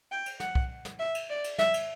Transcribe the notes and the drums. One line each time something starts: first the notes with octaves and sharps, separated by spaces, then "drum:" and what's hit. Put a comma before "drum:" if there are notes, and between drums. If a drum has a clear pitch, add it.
G5
drum: cymbal
F#5, drum: snare
drum: kick C2
drum: snare
E5
drum: cymbal
D5
drum: cymbal
E5, drum: snare
drum: cymbal